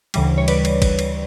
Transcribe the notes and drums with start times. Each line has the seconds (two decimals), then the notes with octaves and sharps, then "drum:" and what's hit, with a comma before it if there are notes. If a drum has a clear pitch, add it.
0.14 D2 C#3 E3 G3, drum: cymbal
0.38 C#5
0.48 B4 D5, drum: cymbal
0.65 drum: cymbal
0.82 drum: kick G#1, cymbal
0.99 drum: cymbal